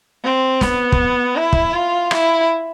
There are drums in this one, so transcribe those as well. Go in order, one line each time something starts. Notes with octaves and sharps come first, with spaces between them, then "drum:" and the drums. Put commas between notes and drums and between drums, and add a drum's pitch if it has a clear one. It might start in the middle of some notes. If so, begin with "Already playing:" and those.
C4
B3, drum: snare
drum: kick
E4
drum: kick
F4
E4, drum: rim click